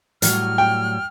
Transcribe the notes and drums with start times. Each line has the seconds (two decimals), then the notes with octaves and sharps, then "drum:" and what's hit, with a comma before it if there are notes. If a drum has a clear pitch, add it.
0.22 A2 F#3 G3 F6, drum: hi-hat
0.58 G5